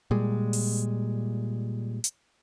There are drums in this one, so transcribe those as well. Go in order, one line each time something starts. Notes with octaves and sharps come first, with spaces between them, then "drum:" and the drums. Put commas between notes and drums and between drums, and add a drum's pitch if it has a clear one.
A#2 G3 G#3
drum: open hi-hat
drum: hi-hat